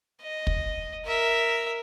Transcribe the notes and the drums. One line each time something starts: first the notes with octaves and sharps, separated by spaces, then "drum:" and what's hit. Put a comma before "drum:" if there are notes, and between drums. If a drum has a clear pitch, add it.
D#5
drum: kick
A#4 E5